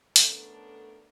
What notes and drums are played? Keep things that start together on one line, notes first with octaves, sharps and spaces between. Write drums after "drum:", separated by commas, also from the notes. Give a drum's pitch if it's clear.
A3 B3 C#4 D4 A4 A#4, drum: hi-hat